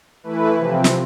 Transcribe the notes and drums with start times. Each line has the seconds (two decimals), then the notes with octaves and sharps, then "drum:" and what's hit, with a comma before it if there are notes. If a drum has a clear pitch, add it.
0.23 E3 A3 E4 B4
0.57 C3 F3 C4
0.84 drum: snare